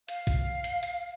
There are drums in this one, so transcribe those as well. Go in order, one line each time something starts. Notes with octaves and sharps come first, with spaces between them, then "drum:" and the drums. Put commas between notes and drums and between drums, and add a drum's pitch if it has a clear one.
F5, drum: hi-hat
drum: kick A#1, hi-hat
drum: hi-hat
drum: hi-hat